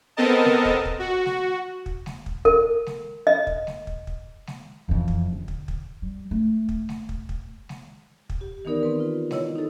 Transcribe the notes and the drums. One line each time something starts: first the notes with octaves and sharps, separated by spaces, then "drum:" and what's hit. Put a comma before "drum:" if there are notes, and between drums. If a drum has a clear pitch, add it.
B3 C4 A4 A#4 D#5 A5
drum: snare G#3
drum: kick
drum: kick
F#4
drum: snare G#3
drum: kick
drum: snare G#3
drum: kick
A#4, drum: kick
drum: snare G#3
D#5
drum: kick
drum: snare G#3
drum: kick
drum: kick
drum: snare G#3
F2 E3
drum: kick
D3
drum: kick
drum: kick
G3
A3
drum: kick
drum: snare G#3
drum: kick
drum: kick
drum: snare G#3
drum: kick
G4
D#3 E3 B3 D#4 A#4 D5
C4 B4
F4
E4 C#5 D#5, drum: snare G#3
D#4 A4